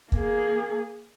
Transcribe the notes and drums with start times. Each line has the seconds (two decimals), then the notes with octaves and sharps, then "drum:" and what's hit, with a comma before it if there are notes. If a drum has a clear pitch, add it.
0.12 A#3 G#4, drum: kick